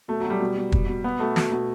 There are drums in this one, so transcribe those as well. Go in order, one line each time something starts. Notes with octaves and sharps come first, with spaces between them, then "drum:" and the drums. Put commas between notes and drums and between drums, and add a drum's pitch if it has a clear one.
B2 A3
B2 F#3
G3
B2
B2
B2, drum: kick
B2
B2 B3
B2 A3
B2, drum: snare
B2